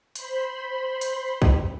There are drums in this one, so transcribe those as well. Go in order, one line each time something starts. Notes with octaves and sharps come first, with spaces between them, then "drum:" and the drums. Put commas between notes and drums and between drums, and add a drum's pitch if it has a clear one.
C5 B5 C6, drum: hi-hat
drum: hi-hat
drum: kick